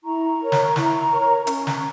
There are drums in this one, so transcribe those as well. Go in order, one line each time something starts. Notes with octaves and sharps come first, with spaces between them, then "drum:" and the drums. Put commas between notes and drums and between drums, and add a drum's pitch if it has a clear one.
E4 A#5 C#6
A#4 C#5
drum: snare
E4, drum: snare
A#4 C#5
C#4, drum: hi-hat
drum: snare